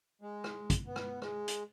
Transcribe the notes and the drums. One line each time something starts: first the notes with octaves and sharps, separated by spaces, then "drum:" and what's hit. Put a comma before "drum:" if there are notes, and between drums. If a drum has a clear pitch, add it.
G#3
drum: rim click
drum: kick, hi-hat
B3
drum: rim click
G#3, drum: rim click
drum: hi-hat